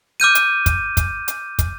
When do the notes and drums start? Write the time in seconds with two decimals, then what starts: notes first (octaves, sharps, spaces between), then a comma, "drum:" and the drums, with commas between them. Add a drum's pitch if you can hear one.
0.20 D6 F6 G6 D#7
0.35 drum: hi-hat
0.66 drum: kick, hi-hat
0.97 drum: kick, hi-hat
1.28 drum: hi-hat
1.59 drum: kick, hi-hat